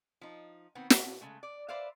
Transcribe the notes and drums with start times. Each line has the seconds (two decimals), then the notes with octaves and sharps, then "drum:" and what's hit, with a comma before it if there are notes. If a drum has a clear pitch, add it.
0.21 F3 D#4
0.75 D#3 B3 C4
0.90 A2, drum: snare
1.21 C#3 G#3 A3
1.43 D5
1.69 B4 C5 D5 E5 F5